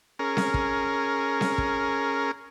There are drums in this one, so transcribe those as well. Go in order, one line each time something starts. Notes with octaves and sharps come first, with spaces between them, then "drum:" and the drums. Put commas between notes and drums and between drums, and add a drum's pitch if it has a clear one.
C#4 G#4 A#4
drum: snare C4
drum: kick
drum: snare C4
drum: kick